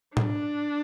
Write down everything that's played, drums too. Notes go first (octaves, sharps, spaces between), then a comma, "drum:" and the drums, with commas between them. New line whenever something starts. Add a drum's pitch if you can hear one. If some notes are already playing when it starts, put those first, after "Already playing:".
D4, drum: tom A2